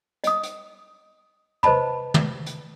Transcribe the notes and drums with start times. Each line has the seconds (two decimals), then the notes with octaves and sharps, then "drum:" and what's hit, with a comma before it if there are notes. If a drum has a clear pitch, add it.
0.24 D#5 D#6, drum: hi-hat
0.43 drum: hi-hat
1.63 B4 C5 D#5 A5 B5, drum: tom
2.14 drum: tom
2.46 drum: hi-hat